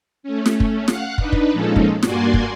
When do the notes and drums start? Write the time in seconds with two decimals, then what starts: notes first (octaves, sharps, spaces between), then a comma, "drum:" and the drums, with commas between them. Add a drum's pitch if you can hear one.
0.23 A3 C#4
0.46 drum: snare
0.60 drum: kick
0.88 F5 F#5 F#6, drum: snare
1.18 D4 D#4 B4, drum: kick
1.32 drum: kick
1.53 A#2 F3 G#3 C#4 D#4 A4
1.76 drum: kick
2.03 G2 A#3 F#4 D5 G#5 C6, drum: snare
2.34 drum: kick